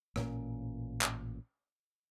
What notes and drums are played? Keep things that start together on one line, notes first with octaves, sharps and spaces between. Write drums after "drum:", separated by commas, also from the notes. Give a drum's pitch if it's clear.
A1 A#2 A#3 C#4, drum: rim click
drum: clap